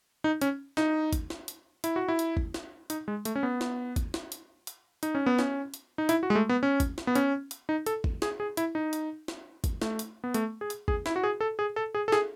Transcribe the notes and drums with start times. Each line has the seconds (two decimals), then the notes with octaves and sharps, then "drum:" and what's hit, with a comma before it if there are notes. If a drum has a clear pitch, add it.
0.24 D#4
0.41 C#4, drum: hi-hat
0.77 D#4, drum: snare
1.13 drum: kick, hi-hat
1.30 drum: snare
1.48 drum: hi-hat
1.84 E4, drum: hi-hat
1.96 F#4
2.08 E4
2.19 drum: hi-hat
2.37 drum: kick
2.54 drum: snare
2.90 D#4, drum: hi-hat
3.08 G#3
3.25 A3, drum: hi-hat
3.35 C#4
3.43 B3
3.61 drum: snare
3.96 drum: kick, hi-hat
4.14 drum: snare
4.32 drum: hi-hat
4.67 drum: hi-hat
5.03 D#4, drum: hi-hat
5.15 C#4
5.26 B3
5.39 C#4, drum: snare
5.74 drum: hi-hat
5.98 D#4
6.09 E4, drum: hi-hat
6.23 F#4
6.30 G#3
6.35 A3
6.49 B3
6.63 C#4
6.80 drum: kick, hi-hat
6.98 drum: snare
7.07 B3
7.15 C#4, drum: hi-hat
7.51 drum: hi-hat
7.69 D#4
7.86 A4, drum: hi-hat
8.04 drum: kick
8.22 G#4, drum: snare
8.40 G#4
8.57 E4, drum: hi-hat
8.75 D#4
8.93 drum: hi-hat
9.28 drum: snare
9.64 drum: kick, hi-hat
9.82 A3, drum: snare
9.99 drum: hi-hat
10.24 B3
10.34 A3, drum: hi-hat
10.61 G#4
10.70 drum: hi-hat
10.88 G#4, drum: kick
11.06 E4, drum: snare
11.16 F#4
11.24 G#4
11.40 A4
11.59 G#4
11.76 A4
11.95 G#4
12.08 A4
12.12 G#4, drum: snare